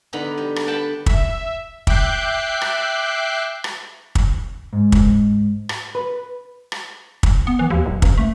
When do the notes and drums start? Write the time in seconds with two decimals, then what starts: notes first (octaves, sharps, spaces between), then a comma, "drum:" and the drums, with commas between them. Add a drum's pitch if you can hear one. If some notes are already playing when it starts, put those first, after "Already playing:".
0.13 D3 B3 D#4 A#5 B5
0.38 G3
0.56 drum: rim click
0.67 B4 F#5 G5 A5 B5
1.06 E5, drum: kick
1.87 E5 G5 D6 F#6 G6 C7, drum: kick
2.61 drum: rim click
3.64 drum: rim click
4.15 drum: kick
4.73 G#2
4.92 drum: kick
5.69 drum: rim click
5.95 B4
6.72 drum: rim click
7.23 drum: kick
7.47 B3
7.59 E3
7.70 D#2
7.86 D1
8.02 A1, drum: kick
8.18 A3